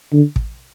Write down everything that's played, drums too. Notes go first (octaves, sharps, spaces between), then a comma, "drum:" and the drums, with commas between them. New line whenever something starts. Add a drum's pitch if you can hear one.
D3
drum: kick